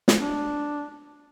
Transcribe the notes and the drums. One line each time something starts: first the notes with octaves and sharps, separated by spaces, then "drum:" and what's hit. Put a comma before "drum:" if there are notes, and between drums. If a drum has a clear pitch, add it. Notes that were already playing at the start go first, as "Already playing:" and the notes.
drum: snare
D4